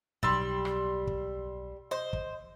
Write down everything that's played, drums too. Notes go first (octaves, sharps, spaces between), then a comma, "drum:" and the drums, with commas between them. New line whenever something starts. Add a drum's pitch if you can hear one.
B1 G3 C6 E6 A6, drum: kick
drum: rim click
drum: kick
C5 D#5
drum: kick